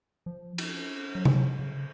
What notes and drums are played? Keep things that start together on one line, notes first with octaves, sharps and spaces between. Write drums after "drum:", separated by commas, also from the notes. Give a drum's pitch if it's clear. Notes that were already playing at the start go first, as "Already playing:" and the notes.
F3
drum: cymbal
F#3
F3, drum: tom
F#3
C#3